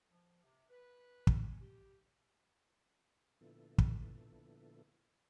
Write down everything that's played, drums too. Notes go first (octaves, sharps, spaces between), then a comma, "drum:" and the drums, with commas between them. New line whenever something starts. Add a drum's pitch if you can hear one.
F3
C3
B4
drum: kick
C#4
G4
A#2 D3 F3 B3 E4 A4
drum: kick